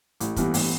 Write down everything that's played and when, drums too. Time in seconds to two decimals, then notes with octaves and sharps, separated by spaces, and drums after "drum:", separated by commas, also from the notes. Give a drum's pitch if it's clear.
0.20 A1, drum: hi-hat
0.36 G2 E3 B3 E4, drum: kick, hi-hat
0.54 A1, drum: open hi-hat